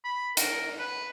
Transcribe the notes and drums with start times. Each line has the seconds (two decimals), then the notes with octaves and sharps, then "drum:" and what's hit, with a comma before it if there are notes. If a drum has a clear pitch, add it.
0.04 B5
0.37 A#4, drum: hi-hat
0.79 B4